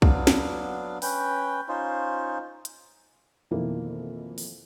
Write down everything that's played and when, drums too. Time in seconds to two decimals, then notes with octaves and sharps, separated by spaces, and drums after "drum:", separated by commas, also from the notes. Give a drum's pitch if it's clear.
0.02 F#3 B3 D4 F5, drum: kick
0.27 drum: snare
1.02 C#4 B4 G5, drum: open hi-hat
1.68 C#4 D#4 F4 C5
2.65 drum: hi-hat
3.51 F2 B2 D#3 E3 A#3
4.38 drum: open hi-hat